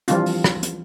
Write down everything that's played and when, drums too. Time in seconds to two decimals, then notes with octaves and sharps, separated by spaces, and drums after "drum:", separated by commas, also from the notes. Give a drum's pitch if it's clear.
0.08 E3 F3 G3 C4 D4 F4, drum: hi-hat
0.26 drum: open hi-hat
0.44 drum: rim click
0.63 drum: hi-hat